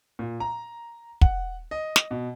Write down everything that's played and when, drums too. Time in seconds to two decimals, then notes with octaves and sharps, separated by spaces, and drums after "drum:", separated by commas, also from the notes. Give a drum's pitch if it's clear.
0.19 A#2
0.40 A#5
1.21 F#5, drum: kick
1.71 D#5
1.96 drum: snare
2.11 B2